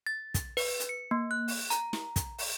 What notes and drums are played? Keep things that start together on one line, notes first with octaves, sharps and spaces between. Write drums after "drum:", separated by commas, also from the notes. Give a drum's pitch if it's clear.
A6
drum: kick, hi-hat
B4, drum: open hi-hat
drum: hi-hat
C#7
A#3
F#6
drum: open hi-hat
A#5, drum: hi-hat
drum: snare
drum: kick, hi-hat
drum: open hi-hat